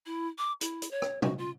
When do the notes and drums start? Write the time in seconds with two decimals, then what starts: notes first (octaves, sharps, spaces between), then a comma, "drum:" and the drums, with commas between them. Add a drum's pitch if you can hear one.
0.06 E4
0.38 D6
0.61 E4, drum: hi-hat
0.82 drum: hi-hat
0.91 C#5
1.02 drum: rim click
1.22 F#4, drum: tom
1.38 F4